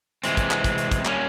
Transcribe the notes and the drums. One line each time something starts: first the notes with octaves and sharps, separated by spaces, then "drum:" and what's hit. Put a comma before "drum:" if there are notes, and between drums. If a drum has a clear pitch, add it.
C3 E3 G#3 C4, drum: hi-hat
drum: kick, hi-hat
drum: clap
drum: kick, hi-hat
drum: hi-hat
drum: kick, hi-hat
G3 A#3 C#4, drum: clap